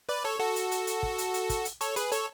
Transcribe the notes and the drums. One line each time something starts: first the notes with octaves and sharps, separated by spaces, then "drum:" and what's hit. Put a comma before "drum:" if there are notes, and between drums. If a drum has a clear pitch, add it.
B4 D5
A4 C#5
F#4 A4
drum: hi-hat
drum: hi-hat
drum: hi-hat
drum: kick
drum: hi-hat
drum: hi-hat
drum: kick, hi-hat
drum: hi-hat
A4 C#5, drum: hi-hat
G#4 B4, drum: hi-hat
A4 C#5, drum: hi-hat